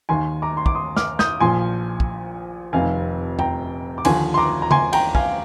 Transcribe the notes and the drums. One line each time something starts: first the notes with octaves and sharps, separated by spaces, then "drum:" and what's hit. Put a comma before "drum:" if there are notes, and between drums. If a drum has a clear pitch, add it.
D#2 D#3 G#5 C6
A#5 D6
C6
D6, drum: kick
C6 D#6
D6 F6, drum: snare
D#6 G6, drum: snare
A#1 A#2 F3 G#5 C6
drum: kick
F1 F2 C3 D#3 F5 G#5
G5 A#5, drum: tom E2
D6
D#2 D3 F3 G#5 C6, drum: cymbal
C6
A#5 D6
A#5
G#5 C6, drum: tom C#3
G5 A#5, drum: cymbal
F5 G#5, drum: kick